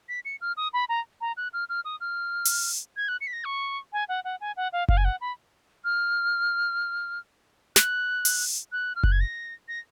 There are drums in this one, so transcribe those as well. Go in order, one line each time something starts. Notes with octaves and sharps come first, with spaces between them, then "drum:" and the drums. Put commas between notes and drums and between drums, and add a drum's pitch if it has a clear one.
B6
C#7
F6
D#6
B5
A#5
A#5
F#6
F6
F6
D#6
F6
drum: open hi-hat
G#6
F#6
C#7
B6
A#6
C#6
G#5
F#5
F#5
G#5
F#5
F5
F5, drum: kick F#1
G#5
F#5
B5
F6
F#6, drum: snare
drum: open hi-hat
F#6
F6
F#6, drum: kick F#1
G#6
A#6
A#6